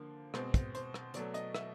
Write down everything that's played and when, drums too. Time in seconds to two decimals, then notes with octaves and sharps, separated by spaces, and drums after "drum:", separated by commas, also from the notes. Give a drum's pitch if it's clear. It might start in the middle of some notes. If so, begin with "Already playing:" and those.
Already playing: D3 F3 A#3
0.34 B2 G#3 C4 C5, drum: rim click
0.54 drum: kick, hi-hat
0.75 C5, drum: hi-hat
0.94 drum: rim click
1.14 B2 F#3 A3 D5, drum: hi-hat
1.34 D#5, drum: hi-hat
1.55 E5, drum: rim click